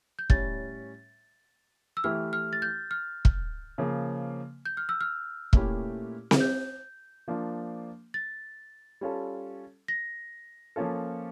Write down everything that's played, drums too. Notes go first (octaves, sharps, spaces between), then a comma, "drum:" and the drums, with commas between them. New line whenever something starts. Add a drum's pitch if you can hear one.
G6
A2 G3 C#4 A6, drum: kick
E6
E3 A3 E4 G4 F6
F6
A6
G6
F6
drum: kick
C#3 F3 A#3
G6
F6
E6
F6
A#2 A3 C#4 E4 G4, drum: kick
drum: snare C4
G6
F3 A#3 D4 F4
A6
G3 C#4 F4 A4
A#6
F3 A#3 C#4 F4 A4